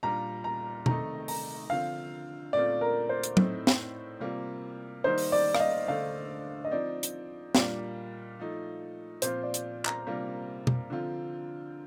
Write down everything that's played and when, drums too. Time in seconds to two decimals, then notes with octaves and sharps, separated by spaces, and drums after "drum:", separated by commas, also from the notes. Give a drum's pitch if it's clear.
0.03 A#2 G3 D4 F4 A#5
0.44 A#5
0.86 C3 D#3 A3 D#4 A#5, drum: tom B2
1.28 A#5, drum: open hi-hat
1.70 D3 F3 C4 F5
2.53 A#2 A3 C4 F4 D5
2.81 A#4
3.09 C5
3.23 drum: hi-hat
3.37 A2 A3 C4 D#4, drum: tom
3.67 drum: snare
4.20 C3 G3 A#3 F4
5.04 D#3 G3 A#3 D#4 C5
5.18 drum: open hi-hat
5.32 D5
5.55 F5, drum: rim click
5.60 D#5
5.88 D3 A3 D4 F5
6.65 D#5
6.71 F3 C4 D#4 D5
7.03 drum: hi-hat
7.55 A#2 G3 A#3 D4 F4, drum: snare
8.39 F3 A3 D#4
9.22 A#2 F3 C4 F4 C5, drum: hi-hat
9.43 D5
9.54 drum: hi-hat
9.85 A#5, drum: clap
10.06 C3 G3 A#3 D4 F4
10.67 drum: tom B2
10.90 D3 F3 C4 F4